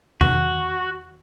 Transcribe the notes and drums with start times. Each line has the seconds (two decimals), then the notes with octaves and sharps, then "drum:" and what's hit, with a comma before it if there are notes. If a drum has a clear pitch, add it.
0.21 F#4, drum: tom E2